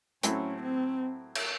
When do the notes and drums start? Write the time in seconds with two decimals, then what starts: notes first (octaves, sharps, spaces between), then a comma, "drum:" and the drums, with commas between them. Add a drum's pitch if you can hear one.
0.23 A2 F#3 A3 C4 C#4 E4, drum: hi-hat
0.63 C4
1.35 drum: cymbal